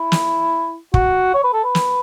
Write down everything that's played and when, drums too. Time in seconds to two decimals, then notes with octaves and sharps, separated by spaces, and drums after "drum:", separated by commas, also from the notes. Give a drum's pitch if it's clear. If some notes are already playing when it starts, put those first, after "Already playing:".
Already playing: E4
0.12 drum: snare
0.94 F#4, drum: kick
1.34 C#5
1.44 B4
1.53 A4
1.64 B4
1.75 drum: snare